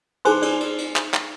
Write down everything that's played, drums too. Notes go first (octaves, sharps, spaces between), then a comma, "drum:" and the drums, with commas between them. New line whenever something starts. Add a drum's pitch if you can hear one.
D#4 G#4 C5 G#5 C6, drum: cymbal
D5, drum: cymbal
drum: cymbal
drum: cymbal
drum: clap
drum: clap